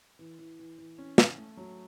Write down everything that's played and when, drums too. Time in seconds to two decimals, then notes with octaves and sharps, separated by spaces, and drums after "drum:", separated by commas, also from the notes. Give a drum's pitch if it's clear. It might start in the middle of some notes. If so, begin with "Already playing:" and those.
0.19 E3
0.39 E3
0.59 E3
0.78 E3
0.98 C#4
1.18 C#4, drum: snare
1.38 A3
1.57 F#3